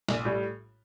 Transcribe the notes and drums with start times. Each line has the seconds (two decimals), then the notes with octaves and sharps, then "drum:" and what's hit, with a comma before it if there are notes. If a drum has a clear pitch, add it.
0.08 A#1, drum: snare
0.25 A2 G3